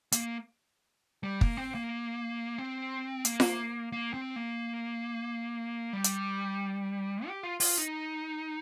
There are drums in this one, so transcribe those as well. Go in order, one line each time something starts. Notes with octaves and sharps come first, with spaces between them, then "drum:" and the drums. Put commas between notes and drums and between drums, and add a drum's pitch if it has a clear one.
A#3, drum: hi-hat
G3
A#3, drum: kick
C4
A#3
C4
A#3, drum: hi-hat
drum: snare F4
A#3
C4
A#3
G3
drum: hi-hat
G4
F4
F4, drum: open hi-hat
D#4